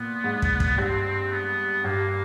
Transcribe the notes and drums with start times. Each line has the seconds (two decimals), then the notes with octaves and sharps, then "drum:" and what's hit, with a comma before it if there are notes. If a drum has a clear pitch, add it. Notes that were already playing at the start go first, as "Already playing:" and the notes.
Already playing: A#2 B3
0.24 G#2
0.42 drum: kick
0.60 drum: kick
0.78 G2 C4
1.32 B3
1.84 G2 A#3